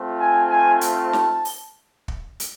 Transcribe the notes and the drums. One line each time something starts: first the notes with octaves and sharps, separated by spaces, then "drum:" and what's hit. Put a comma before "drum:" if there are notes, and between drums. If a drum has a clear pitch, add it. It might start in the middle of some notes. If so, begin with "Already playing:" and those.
Already playing: A3 C4 F4
G#5
G#5
A5, drum: hi-hat
drum: snare
drum: open hi-hat
drum: kick
drum: hi-hat